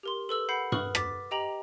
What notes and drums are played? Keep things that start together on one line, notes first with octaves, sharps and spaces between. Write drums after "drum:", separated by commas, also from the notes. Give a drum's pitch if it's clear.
G4 A#4 C6
A4 B4 E6 F#7
F#5 B5 G6 C7
B4 C#6 D#6 F6 F#6 F#7, drum: tom G2
D6 A6 B6, drum: rim click
G4 D#5 G5 A#5 F7 F#7